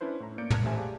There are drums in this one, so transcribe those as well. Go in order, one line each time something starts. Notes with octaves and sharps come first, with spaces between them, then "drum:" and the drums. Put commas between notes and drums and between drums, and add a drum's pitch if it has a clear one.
C#4 D4 E4 B4 C5
A2 A#5
A#3 D5 G6 C#7 D7
A5 A#5 D#6 F6 F#6 G#6, drum: tom
A1 A3 G4 C5 E5 G#5
G4 G#4 D5 F5 G#5 A5